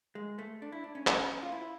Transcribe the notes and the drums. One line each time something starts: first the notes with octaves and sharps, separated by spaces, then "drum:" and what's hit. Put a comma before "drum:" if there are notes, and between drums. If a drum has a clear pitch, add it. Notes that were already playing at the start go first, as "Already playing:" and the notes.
G#3
A3
D4
E4
D4
C#4
C#4, drum: clap
F4
E4